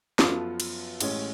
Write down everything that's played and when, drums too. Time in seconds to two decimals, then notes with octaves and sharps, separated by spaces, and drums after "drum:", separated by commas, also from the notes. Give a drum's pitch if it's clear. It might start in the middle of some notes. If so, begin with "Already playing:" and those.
0.19 F#2 F3 B3 F4 A4, drum: snare
0.60 drum: cymbal
1.00 A1 A2 G#3 C#4, drum: cymbal